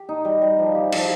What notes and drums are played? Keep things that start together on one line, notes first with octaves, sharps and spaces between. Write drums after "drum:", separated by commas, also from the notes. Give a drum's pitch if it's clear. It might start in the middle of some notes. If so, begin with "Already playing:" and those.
Already playing: G4
D#4
G3
G3
F3
G4
F3, drum: cymbal